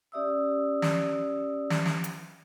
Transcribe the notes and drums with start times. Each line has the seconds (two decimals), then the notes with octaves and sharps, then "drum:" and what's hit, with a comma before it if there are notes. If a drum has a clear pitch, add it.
0.12 C#4 G4 D5 E5 D#6 E6
0.82 drum: snare
1.70 drum: snare
1.86 drum: snare
2.04 drum: hi-hat